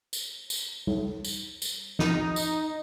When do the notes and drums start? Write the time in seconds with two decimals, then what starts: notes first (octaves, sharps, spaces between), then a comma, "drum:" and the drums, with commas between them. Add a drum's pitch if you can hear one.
0.13 drum: tambourine
0.50 drum: tambourine
0.87 drum: tom G3
1.25 drum: tambourine
1.62 drum: tambourine
1.99 D#4, drum: snare
2.36 drum: tambourine